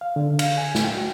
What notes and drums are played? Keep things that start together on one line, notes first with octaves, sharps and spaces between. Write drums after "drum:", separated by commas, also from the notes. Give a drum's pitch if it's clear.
F5
D3
F5, drum: cymbal
G#5
drum: snare
G5
F#4